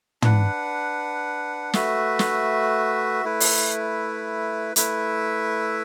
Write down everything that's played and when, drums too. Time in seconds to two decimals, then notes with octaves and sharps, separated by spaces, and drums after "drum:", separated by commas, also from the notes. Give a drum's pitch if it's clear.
0.22 D4 B4 F#5, drum: tom
1.73 A3 F#4 B4 E5, drum: snare
2.19 drum: snare
3.25 A3 E4 B4
3.40 drum: open hi-hat
4.76 A3 E4 B4 E5, drum: hi-hat